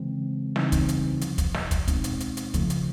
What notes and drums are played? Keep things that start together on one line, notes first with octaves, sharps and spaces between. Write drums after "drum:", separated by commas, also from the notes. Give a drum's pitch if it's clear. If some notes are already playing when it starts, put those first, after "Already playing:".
Already playing: C#3 E3 G#3 C4
C#3 E3 G3 C4 D#4, drum: snare
drum: kick, hi-hat
drum: hi-hat
F2 C3 F3, drum: hi-hat
drum: kick, hi-hat
drum: snare
drum: kick, hi-hat
B2 G#3 C4 D#4, drum: kick, hi-hat
drum: hi-hat
drum: hi-hat
drum: hi-hat
C#3 F3 A3, drum: kick, hi-hat
drum: hi-hat